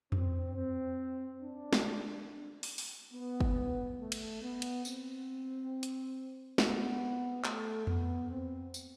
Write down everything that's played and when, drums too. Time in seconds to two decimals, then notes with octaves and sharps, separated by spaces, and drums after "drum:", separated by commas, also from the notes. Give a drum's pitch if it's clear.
0.12 C4, drum: tom F2
0.55 C4
1.41 D4
1.73 drum: snare
2.63 drum: open hi-hat
2.78 drum: open hi-hat
3.13 B3
3.40 drum: kick
3.99 A3
4.12 drum: cymbal
4.42 B3
4.62 drum: cymbal
4.85 C4, drum: tambourine
5.83 drum: hi-hat
6.58 B3, drum: snare
7.44 A3, drum: clap
7.87 B3, drum: tom F2
8.30 C4
8.74 drum: tambourine